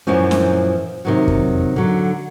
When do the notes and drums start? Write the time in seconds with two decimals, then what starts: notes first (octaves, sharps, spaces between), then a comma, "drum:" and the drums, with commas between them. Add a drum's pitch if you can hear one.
0.07 F#2 A#2 E3 F3 C#4
0.31 drum: snare
1.05 C3 D#3 F#3
1.28 drum: kick F2
1.76 D3 F#3